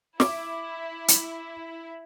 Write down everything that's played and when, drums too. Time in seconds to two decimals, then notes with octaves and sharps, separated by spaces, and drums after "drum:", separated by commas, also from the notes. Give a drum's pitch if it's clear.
0.20 E4 D6, drum: snare
1.08 drum: hi-hat